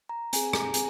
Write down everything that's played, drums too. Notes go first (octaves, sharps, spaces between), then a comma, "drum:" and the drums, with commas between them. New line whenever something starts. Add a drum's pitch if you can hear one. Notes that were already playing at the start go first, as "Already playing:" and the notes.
A#5
C4 G#4 G#5, drum: hi-hat
A#5, drum: rim click
C4 G#4 G#5, drum: hi-hat